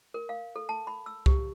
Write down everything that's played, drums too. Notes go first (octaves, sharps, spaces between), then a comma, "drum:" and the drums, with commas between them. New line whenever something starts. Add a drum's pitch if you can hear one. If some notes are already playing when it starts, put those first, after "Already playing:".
A#4
F5
A4
A5
B5
E6
G4, drum: kick C2